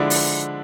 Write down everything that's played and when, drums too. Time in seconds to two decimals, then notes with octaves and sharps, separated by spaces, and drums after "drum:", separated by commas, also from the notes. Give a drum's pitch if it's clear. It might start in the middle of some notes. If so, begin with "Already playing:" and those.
Already playing: D3 F3 G#3 D4 E4
0.10 drum: open hi-hat